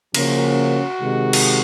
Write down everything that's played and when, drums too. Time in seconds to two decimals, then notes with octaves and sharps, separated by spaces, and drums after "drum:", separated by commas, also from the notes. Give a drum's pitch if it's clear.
0.14 C#3 F3 A#3 C#4 F#4, drum: cymbal
1.00 C3 D#3 G#3
1.33 drum: cymbal